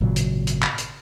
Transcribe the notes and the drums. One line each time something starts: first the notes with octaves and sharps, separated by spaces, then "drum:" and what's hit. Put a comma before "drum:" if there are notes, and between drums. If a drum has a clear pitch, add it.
G#1 A#2 C#3 F#3
drum: hi-hat
drum: hi-hat
drum: clap
drum: hi-hat